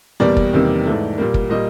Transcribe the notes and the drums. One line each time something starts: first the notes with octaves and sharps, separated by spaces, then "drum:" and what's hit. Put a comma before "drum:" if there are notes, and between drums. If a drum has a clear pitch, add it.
E2 B2 G3 A#3 D5
drum: kick
E2 C3 D#3 G3 A#3
G#2 E3 A3
A#2 G3 A#3
drum: kick
A#2 G3 A#3 D#5